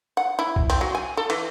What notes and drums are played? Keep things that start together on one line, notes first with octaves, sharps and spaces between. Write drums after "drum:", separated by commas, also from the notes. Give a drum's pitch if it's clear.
F#5
E4
drum: kick B1
C4, drum: cymbal
F#3
G#5
A4
E3, drum: cymbal